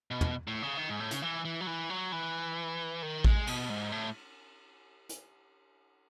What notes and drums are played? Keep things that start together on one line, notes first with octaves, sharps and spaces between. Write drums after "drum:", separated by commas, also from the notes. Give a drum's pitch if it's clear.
B2
drum: tom
A2
C#3
D#3
G#2
A2
C#3, drum: hi-hat
E3
E3
F#3
E3
F#3
E3
D#3
G#3, drum: kick A1
B2, drum: cymbal
G#2
A2
drum: hi-hat